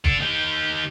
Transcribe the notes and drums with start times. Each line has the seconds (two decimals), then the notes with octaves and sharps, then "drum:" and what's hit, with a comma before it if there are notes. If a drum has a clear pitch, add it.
0.05 D4 A4, drum: kick
0.20 D#3 G4